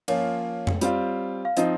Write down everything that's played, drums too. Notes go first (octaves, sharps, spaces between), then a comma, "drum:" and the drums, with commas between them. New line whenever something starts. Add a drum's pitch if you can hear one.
F3 A#3 C#4 F4 C#5, drum: cymbal
drum: tom F2
G3 C4 F4, drum: hi-hat
F5
F3 C4 D#4 D#5, drum: hi-hat